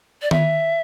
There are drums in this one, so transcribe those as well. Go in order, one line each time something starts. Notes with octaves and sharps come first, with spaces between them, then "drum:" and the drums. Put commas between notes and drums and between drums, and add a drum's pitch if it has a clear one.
D5
E5, drum: tom D#3